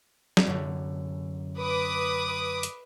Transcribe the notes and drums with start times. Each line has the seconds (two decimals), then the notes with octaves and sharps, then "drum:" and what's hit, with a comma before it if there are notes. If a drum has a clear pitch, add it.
0.37 drum: snare
0.47 F#2 D3
1.59 B4 D6 D#6
2.63 drum: hi-hat